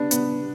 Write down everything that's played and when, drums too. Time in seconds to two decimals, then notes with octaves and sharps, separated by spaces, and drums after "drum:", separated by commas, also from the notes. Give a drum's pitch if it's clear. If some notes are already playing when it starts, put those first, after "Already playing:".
Already playing: B3 D4
0.11 B3, drum: hi-hat